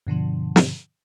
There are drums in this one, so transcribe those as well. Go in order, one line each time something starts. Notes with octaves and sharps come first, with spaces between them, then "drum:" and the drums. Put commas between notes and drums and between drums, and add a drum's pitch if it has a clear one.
G2 B2 D3 F3
drum: snare